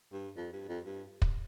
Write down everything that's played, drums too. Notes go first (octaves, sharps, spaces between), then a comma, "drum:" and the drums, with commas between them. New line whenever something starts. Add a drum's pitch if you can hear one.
G2
F2
G2
F2
G2
drum: kick